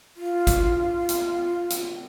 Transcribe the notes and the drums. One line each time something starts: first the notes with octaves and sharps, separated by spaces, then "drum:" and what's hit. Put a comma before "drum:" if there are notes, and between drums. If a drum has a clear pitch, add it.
F4
drum: kick G#1, hi-hat
drum: hi-hat
drum: hi-hat